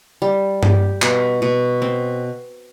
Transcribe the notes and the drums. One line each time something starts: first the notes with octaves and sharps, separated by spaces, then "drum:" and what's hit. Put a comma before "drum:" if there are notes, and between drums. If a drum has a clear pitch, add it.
G3
G4, drum: tom G2
B2, drum: clap
B2
C4